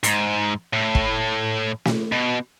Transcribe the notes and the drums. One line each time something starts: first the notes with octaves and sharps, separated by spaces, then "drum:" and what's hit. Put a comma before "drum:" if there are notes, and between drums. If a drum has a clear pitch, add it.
G#2, drum: hi-hat
A2
drum: kick
drum: snare
B2